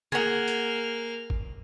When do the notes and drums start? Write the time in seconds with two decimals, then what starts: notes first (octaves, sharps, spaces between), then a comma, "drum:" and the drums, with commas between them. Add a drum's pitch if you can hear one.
0.12 A#3 G#4 F#5 F6, drum: tom
0.48 drum: hi-hat
1.30 drum: kick